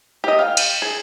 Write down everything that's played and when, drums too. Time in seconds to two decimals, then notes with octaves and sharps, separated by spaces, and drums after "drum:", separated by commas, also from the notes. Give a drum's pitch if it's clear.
0.24 G4 D#5
0.39 F5 G5
0.57 drum: cymbal
0.82 G#4